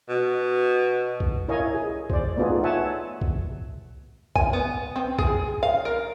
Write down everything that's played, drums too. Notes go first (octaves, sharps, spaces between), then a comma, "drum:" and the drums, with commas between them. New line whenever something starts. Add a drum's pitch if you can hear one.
B2
drum: kick
E4 A#4 C#5 D#5 F5 G#5
G#4
C5 D5, drum: kick
A3 B3 D#4 F4 G#4
C#5 E5 F#5 G#5 A5
drum: kick
G#5, drum: kick
B3
C4
G#4, drum: kick
F5
A#4